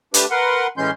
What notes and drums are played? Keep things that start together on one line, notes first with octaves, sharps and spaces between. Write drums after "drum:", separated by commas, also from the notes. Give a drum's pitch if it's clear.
A3 D4 G4 B4, drum: hi-hat
A#4 B4 F#5 C6
A2 E3 G#3 C#4 C6 G6